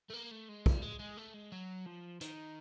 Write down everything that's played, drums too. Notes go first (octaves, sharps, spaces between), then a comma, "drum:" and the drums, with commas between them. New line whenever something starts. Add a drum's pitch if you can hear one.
A3
A#3
A3
G#3
G3, drum: kick
G#3
G#3
A3
G#3
F#3
F3
D#3, drum: hi-hat